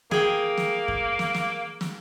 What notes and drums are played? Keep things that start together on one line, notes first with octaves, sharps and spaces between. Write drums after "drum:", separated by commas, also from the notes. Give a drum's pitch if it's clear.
A#3 G#4 G5, drum: snare
drum: snare
drum: kick F#2
drum: snare
drum: snare
drum: snare